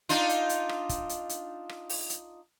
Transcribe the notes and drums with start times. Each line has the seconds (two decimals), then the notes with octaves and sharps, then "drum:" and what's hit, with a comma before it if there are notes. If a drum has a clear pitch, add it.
0.09 D4 D#4 F4, drum: hi-hat
0.29 drum: hi-hat
0.49 drum: hi-hat
0.69 drum: rim click
0.89 drum: kick, hi-hat
1.09 drum: hi-hat
1.29 drum: hi-hat
1.69 drum: rim click
1.89 drum: open hi-hat
2.09 drum: hi-hat